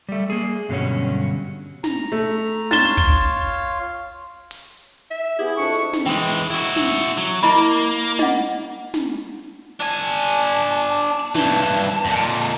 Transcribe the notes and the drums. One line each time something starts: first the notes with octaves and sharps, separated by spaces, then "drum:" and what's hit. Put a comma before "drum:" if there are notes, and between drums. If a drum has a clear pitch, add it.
G3 A3
A#3 G#4
G2 B2 D3 F#3 G3 C#4
A#5, drum: snare
A3
F4 C#5 F5 A6 E7 G7, drum: snare
drum: kick
drum: open hi-hat
E5
B3 E4 G4 G#4
F2 D4 C#6
drum: hi-hat
drum: snare
E3 G#3 G5
E4 F#4
drum: snare
F#3
A#3 E4 D#5 B5
D#5 F#5, drum: snare
drum: snare
D4 G#5 A5
G2 E3 A5, drum: snare
F2 A#2